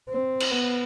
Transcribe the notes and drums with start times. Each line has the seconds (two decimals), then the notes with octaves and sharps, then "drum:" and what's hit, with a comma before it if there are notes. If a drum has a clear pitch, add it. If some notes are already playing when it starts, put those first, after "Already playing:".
0.09 C4
0.40 drum: cymbal
0.51 B3